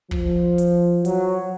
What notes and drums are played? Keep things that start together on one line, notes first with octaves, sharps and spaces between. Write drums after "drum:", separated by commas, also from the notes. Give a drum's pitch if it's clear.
F3, drum: kick
drum: hi-hat
F#3, drum: hi-hat